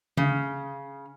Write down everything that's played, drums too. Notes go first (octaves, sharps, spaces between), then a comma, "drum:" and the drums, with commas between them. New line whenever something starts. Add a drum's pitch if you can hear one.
C#3, drum: tom D3